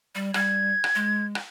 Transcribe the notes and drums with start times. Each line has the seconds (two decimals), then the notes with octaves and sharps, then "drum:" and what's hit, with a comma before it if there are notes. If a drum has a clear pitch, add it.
0.15 G3
0.34 G3 G#6, drum: rim click
0.84 drum: rim click
0.95 G#3
1.35 drum: rim click